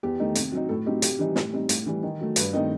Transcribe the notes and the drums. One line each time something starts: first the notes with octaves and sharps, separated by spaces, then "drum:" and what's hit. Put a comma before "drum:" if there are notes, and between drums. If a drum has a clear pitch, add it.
E2 G4
D#3 A3 D#4
C3, drum: hi-hat
F#3 C4 D#4
A2 A4
F#3 C4 D#4 G4
C3 G4, drum: hi-hat
E3 G3 D#4
A2, drum: snare
G3 C4 D#4
A2, drum: hi-hat
E3 G3
D#3
F#3 A3
G2 B4, drum: hi-hat
D#3 A3 C4 D#4 D#5